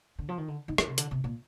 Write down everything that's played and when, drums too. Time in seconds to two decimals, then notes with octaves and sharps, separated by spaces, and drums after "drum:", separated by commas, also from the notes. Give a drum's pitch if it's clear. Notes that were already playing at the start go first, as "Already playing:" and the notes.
0.19 D3
0.29 F3
0.38 D#3
0.48 D3
0.68 D#3
0.78 D#3, drum: rim click
0.88 C3
0.98 D3, drum: hi-hat
1.11 C3
1.24 A#2